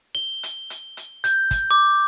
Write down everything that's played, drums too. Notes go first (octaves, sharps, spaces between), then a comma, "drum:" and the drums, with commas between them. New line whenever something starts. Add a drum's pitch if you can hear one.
G7
drum: hi-hat
drum: hi-hat
drum: hi-hat
G6, drum: hi-hat
drum: kick, hi-hat
D6